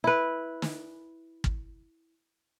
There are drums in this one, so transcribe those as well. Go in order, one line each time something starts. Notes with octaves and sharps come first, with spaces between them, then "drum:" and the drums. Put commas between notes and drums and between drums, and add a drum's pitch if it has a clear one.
E4 B4
drum: snare
drum: kick